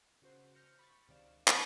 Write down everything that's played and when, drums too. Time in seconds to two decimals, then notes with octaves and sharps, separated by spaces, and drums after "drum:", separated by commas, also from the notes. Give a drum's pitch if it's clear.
0.22 C#3 F#4 C5
0.55 F6 G6 A#6 C#7
0.79 B5 C#6 A6
1.08 C#2 C3 D#3 D5 F5 E7
1.48 E3 F3, drum: clap